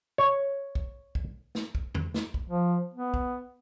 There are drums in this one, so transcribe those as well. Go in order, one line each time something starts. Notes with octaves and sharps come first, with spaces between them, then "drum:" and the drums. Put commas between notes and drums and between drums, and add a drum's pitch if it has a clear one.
C#5
drum: kick B1
drum: kick B1
drum: snare
drum: kick B1
drum: tom E2
drum: snare
drum: kick B1
F3
B3
drum: kick B1